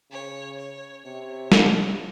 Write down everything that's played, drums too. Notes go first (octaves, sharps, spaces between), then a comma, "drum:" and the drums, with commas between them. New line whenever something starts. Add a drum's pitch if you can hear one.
C#3 C#5
C#5
C3 C#5
drum: snare